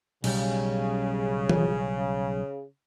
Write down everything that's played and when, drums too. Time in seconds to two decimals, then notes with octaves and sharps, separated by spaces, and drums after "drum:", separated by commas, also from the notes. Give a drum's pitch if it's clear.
0.24 B1 C#3 G3, drum: cymbal
1.50 drum: tom E3